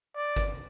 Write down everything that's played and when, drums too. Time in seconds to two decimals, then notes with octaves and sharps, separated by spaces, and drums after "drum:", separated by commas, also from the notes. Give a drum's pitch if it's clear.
0.15 D5
0.36 drum: kick, hi-hat